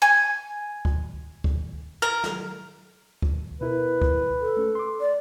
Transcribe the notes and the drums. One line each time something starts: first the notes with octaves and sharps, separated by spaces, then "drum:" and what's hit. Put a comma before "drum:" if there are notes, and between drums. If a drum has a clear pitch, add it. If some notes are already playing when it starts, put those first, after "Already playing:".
G#5
drum: kick D2
drum: kick D2
A#4
drum: snare
drum: kick D2
B2 E4 A#4 B4
drum: kick D2
A4
A3 C#4
C6 D6
D5